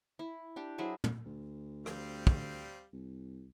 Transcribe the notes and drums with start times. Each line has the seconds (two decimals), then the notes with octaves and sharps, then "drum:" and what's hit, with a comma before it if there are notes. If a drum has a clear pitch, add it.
0.19 E4
0.56 D4 G4
0.78 F#3 E4 G#4 C5
1.04 drum: tom
1.26 D2
1.86 G3 C4 F5, drum: rim click
2.27 drum: kick
2.93 C2